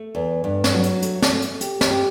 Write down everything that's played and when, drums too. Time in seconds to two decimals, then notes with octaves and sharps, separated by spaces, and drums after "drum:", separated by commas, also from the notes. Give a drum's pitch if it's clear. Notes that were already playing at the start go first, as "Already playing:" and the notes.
Already playing: A3
0.15 E2
0.44 G2
0.64 drum: snare
0.74 F#3
0.83 drum: hi-hat
1.02 A3, drum: hi-hat
1.22 drum: snare
1.32 A3
1.42 drum: hi-hat
1.61 G4, drum: hi-hat
1.81 drum: snare
1.90 G4